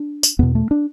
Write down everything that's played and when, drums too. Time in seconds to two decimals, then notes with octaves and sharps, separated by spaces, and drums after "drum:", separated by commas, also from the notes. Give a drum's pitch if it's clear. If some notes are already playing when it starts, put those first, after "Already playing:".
Already playing: D4
0.23 drum: tambourine
0.39 E2 B2 B3
0.55 A3
0.71 D4